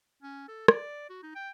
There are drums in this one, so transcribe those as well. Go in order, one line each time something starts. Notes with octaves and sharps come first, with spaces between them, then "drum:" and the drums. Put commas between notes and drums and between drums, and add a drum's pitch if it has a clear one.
C#4
A4
D5, drum: rim click
F#4
D#4
G5